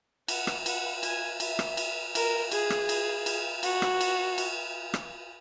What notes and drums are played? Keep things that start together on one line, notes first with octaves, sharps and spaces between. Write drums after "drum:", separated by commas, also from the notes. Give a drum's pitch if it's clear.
F#5, drum: cymbal
drum: rim click
F#5, drum: cymbal
G#5, drum: cymbal
E5, drum: cymbal
drum: rim click
drum: cymbal
A#4, drum: cymbal
G#4, drum: cymbal
drum: rim click
drum: cymbal
drum: cymbal
F#4, drum: cymbal
drum: rim click
drum: cymbal
drum: cymbal
drum: rim click